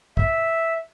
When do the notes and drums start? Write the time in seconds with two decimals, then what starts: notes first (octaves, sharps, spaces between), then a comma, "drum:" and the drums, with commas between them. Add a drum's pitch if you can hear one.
0.17 E5, drum: kick